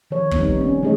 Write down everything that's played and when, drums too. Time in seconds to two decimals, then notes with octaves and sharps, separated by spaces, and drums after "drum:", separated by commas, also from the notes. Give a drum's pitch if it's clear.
0.11 D#3 F3 C#5
0.31 G3 B3 C4 D#4, drum: kick
0.56 C4 C#4
0.82 E3 A3 D4 G#4 C#5 D#5